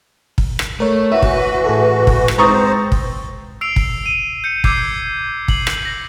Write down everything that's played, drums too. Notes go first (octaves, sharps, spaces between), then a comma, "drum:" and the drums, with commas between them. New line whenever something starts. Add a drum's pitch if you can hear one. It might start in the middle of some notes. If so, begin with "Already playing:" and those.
drum: kick
drum: rim click
A3 A#4 C#5
E3 F#4 B4 E5
drum: kick
A2 G#4 A4
drum: kick
drum: rim click
G#3 C4 C5 A#5 C#6 D#6 A6 A#6
drum: kick
E6 C7 D7 F7
drum: kick
D#7
G6 C#7
D6 E6 G6 G#6 C7, drum: kick
C7 F#7, drum: kick
drum: rim click
A#6